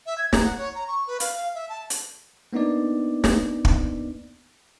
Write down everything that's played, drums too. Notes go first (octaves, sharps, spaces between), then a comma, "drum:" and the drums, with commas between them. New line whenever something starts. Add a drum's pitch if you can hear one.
E5
G#6
A#5, drum: snare
F#5
C#5
A#5
C#6
B4
F5, drum: hi-hat
F5
E5
A5
drum: hi-hat
A#3 B3 D4 D#4 D5
drum: snare
drum: kick